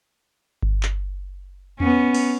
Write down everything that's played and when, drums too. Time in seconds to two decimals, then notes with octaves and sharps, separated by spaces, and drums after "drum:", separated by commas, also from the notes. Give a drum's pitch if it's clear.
0.63 drum: kick G1
0.83 drum: clap
1.80 B3 C#4, drum: tom E2
2.14 drum: cymbal